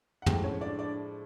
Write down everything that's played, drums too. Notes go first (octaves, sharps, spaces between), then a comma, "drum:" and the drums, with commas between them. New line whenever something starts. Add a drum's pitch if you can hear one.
F#5
A2 F3 G#3 G4 G5, drum: tom
C#4 C#5
D4 D5
D4 D5